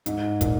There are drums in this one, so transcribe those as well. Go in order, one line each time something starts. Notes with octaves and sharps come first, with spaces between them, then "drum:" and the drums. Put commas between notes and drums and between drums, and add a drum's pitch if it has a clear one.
G#2, drum: hi-hat
A#2, drum: kick, hi-hat